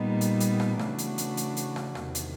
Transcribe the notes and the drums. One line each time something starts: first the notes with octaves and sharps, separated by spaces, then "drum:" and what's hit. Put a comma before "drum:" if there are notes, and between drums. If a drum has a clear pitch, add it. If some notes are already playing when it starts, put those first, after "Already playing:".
Already playing: A#2 G3 B3 D#4
drum: hi-hat
drum: hi-hat
drum: rim click
C#3 E3 A3 D4 F#4, drum: rim click
drum: hi-hat
drum: hi-hat
drum: hi-hat
drum: hi-hat
drum: rim click
E2 C3 D#3, drum: rim click
drum: hi-hat